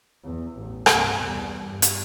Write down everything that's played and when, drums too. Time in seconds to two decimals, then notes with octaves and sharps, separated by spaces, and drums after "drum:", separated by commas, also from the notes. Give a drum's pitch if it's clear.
0.24 E2
0.57 A1
0.86 C2 G2, drum: rim click
1.22 E2 G3
1.66 G2
1.82 drum: hi-hat